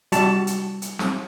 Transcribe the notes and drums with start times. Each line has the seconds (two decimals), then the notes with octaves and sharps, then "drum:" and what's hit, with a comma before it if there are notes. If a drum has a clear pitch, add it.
0.12 G3 F#4 A5, drum: hi-hat
0.47 drum: hi-hat
0.82 drum: hi-hat
0.99 drum: snare